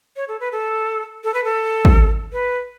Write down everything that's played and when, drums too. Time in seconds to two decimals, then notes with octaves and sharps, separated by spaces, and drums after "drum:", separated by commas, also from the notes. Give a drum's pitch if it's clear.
0.16 C#5
0.28 A4
0.40 B4
0.52 A4
1.24 A4
1.34 B4
1.44 A4
1.85 drum: kick
2.33 B4